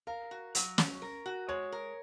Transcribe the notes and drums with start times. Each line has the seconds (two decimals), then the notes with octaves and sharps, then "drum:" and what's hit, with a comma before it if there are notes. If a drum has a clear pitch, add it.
0.07 A#4 F5
0.31 F#4
0.55 F#3, drum: hi-hat
0.78 C#4, drum: snare
1.02 A#4
1.26 F#4
1.49 G#3 C#5
1.72 A#4